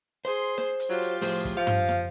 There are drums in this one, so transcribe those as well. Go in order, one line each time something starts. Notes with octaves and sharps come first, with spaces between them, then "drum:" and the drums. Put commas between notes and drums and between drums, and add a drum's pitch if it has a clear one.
G#4 C5 C6
C5, drum: snare
drum: hi-hat
F#3 F4 G4
drum: hi-hat
A2 F3 G#4 C5, drum: open hi-hat
drum: kick, hi-hat
F3 F5
drum: tom
drum: snare